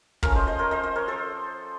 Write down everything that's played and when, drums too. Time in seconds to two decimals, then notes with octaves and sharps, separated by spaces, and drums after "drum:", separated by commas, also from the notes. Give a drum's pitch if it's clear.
0.23 F3 A3 C#4 A#4 C#5, drum: kick
0.35 C5 D#5
0.47 C5 D#5
0.59 A#4 C#5
0.71 C5 D#5
0.83 C5 D#5
0.96 A#4 C#5
1.08 A4 C5